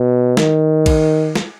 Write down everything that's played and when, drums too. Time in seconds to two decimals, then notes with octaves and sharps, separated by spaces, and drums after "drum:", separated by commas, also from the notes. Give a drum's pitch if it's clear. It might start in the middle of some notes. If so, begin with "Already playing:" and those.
Already playing: B2
0.37 D#3, drum: snare
0.86 drum: kick A#1, cymbal
1.36 drum: snare